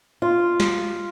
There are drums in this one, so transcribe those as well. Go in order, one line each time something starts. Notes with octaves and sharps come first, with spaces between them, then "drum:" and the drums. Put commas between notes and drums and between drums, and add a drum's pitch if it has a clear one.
F4
drum: snare